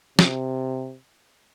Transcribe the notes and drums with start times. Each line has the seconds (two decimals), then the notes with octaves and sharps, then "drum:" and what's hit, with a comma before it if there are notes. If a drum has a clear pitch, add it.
0.19 C3, drum: snare